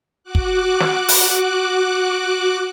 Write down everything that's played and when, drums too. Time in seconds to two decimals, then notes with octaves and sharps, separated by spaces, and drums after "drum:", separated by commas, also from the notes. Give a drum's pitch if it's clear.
0.24 F#4 D6 F#6
0.35 drum: kick
0.80 drum: snare
1.09 drum: open hi-hat